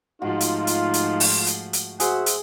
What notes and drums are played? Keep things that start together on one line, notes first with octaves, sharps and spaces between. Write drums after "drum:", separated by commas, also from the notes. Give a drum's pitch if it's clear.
G#2 F3 A3 D#4 F4 F#4
drum: hi-hat
drum: hi-hat
drum: hi-hat
drum: open hi-hat
drum: hi-hat
drum: hi-hat
F#4 G#4 C5 E5 F#5, drum: hi-hat
drum: hi-hat